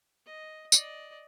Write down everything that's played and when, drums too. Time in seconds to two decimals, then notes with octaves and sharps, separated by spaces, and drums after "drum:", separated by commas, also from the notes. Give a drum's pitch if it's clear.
0.26 D#5
0.72 D5 D#5, drum: tambourine